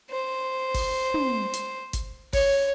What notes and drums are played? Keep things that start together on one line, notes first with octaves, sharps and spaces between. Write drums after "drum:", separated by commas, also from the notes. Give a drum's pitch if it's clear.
C5
drum: kick G1, open hi-hat
drum: tom
drum: hi-hat
drum: kick G1, hi-hat
C#5, drum: kick G1, open hi-hat